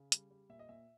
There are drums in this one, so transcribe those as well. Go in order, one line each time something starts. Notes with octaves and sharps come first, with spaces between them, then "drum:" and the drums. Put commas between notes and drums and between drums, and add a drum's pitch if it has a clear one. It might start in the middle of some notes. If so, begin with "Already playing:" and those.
Already playing: C#3
G3, drum: hi-hat
G3
A#2 E5
D#5
A#2 E5